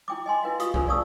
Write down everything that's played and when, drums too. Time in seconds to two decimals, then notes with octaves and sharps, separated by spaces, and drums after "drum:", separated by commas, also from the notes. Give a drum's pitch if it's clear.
0.08 E4 G5 D6
0.26 D#5 G#5 C6
0.43 E4 B4 F5
0.60 F4 G4 F5 D#6, drum: hi-hat
0.74 D4 F4 G#4 A#4 C5, drum: kick B1
0.88 D5 F5 A5 C#6 D#6 E6